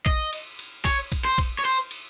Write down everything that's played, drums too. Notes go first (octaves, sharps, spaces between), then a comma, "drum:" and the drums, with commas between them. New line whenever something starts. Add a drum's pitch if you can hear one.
D#5, drum: kick
drum: cymbal
drum: cymbal
C#5, drum: kick, cymbal
drum: kick, cymbal
C5
drum: kick, cymbal
C#5
C5, drum: cymbal
drum: cymbal